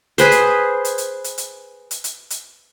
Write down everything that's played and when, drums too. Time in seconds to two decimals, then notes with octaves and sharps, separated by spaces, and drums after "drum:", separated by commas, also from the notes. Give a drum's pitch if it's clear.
0.18 G#4 B4 C5, drum: hi-hat
0.31 drum: hi-hat
0.85 drum: hi-hat
0.98 drum: hi-hat
1.24 drum: hi-hat
1.38 drum: hi-hat
1.91 drum: hi-hat
2.04 drum: hi-hat
2.30 drum: hi-hat